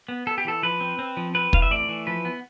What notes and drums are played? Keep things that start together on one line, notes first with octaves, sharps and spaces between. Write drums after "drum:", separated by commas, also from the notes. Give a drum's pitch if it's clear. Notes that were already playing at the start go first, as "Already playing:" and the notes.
B3
B3 A4
G4
E3 A4
F3 B4
C4
C4
F3
C4 B4
E3 F5, drum: kick
E5
A3 D5
E3
F3 B4
B3